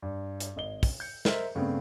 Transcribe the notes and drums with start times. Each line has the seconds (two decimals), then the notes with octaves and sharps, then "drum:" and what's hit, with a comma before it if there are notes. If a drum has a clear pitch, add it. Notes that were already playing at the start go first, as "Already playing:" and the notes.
0.02 G2
0.40 drum: hi-hat
0.56 G#1 D#5 G7
0.83 drum: kick, open hi-hat
1.00 G6 C#7
1.25 A#4 C5 D#5 E5, drum: snare
1.55 G2 C#3 A3 B3 C4